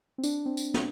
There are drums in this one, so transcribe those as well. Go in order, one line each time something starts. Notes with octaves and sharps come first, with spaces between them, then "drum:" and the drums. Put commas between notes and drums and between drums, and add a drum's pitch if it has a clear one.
C4
D4, drum: tambourine
C4
drum: tambourine
drum: snare